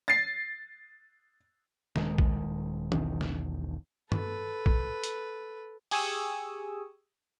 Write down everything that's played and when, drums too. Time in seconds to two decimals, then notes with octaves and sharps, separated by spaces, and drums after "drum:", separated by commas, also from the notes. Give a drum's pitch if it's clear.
0.08 A6 C7
1.96 D#1 D#3 G#3, drum: snare
2.18 drum: kick
2.92 E1 B1 E2 D#3, drum: tom
3.21 drum: snare
4.12 A4 B4, drum: tom G2
4.66 drum: kick
5.04 drum: hi-hat
5.91 G4 G#4 G#5 C#6 D#6 E6, drum: open hi-hat